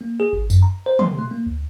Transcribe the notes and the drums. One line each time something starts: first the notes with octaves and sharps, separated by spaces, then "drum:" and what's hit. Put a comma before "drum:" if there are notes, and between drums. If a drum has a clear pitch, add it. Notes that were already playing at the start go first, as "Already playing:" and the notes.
A#3
G#4
G#1
F#2, drum: tambourine
A#5
C5
C6, drum: tom
A3
A#3
D2